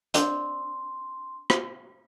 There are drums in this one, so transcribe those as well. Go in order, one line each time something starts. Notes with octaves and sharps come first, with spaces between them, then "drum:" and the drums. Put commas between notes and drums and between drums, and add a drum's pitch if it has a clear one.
C4 D4 C6, drum: hi-hat
drum: rim click